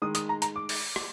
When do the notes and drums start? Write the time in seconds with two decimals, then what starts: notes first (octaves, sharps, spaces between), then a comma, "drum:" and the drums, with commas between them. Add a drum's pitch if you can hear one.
0.02 D#3 G#3 D#6
0.15 D#6, drum: hi-hat
0.29 A#5
0.42 A#5, drum: hi-hat
0.56 D6
0.69 drum: open hi-hat
0.96 drum: rim click